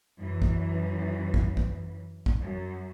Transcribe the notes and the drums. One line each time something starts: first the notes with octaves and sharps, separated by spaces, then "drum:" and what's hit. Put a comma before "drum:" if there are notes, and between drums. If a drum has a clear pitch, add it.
F#2 E3
drum: kick
drum: kick
drum: kick
drum: kick
F#2